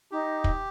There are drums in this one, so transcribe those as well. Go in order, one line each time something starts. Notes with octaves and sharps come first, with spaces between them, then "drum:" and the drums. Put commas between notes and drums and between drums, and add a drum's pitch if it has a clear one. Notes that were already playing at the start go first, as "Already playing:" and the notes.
D#4 G4
drum: kick